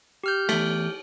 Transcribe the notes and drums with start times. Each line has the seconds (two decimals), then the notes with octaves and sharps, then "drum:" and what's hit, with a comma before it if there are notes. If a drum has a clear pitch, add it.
0.24 G4 F6 G6
0.49 E2 A3, drum: cymbal